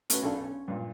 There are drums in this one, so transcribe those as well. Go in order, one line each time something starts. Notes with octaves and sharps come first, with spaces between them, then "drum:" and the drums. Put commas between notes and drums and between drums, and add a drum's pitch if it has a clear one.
A3 B3 C#4 F#4 B4, drum: hi-hat
B1 C#4 D4 A4 F5
C#4
G2 A#2